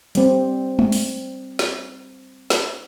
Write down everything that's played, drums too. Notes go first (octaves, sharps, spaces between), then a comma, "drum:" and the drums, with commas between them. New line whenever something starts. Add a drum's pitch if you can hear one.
G3 C4, drum: hi-hat
drum: tom G#3
drum: open hi-hat
drum: snare
drum: snare